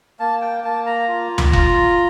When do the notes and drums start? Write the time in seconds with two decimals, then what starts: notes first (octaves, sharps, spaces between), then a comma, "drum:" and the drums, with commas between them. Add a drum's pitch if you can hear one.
0.19 A#3 A5
0.41 G5
0.64 A#3 A5
0.86 A#5
1.08 F4
1.38 drum: tom D2
1.53 F4, drum: kick F1